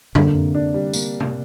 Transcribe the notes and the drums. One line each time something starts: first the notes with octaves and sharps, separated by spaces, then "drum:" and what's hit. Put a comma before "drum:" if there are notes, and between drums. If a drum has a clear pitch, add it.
D3 A#3, drum: tom
C3
D4
G3
A#3, drum: tambourine
drum: tom C3